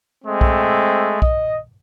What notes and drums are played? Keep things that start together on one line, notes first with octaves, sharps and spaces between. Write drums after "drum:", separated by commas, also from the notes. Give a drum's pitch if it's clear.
G#3 A3 C4
drum: kick B1
D#5, drum: kick B1